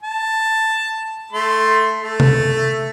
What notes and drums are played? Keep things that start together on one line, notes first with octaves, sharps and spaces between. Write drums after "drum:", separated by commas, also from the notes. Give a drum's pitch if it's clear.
A5
A3 C6
A3
drum: tom C3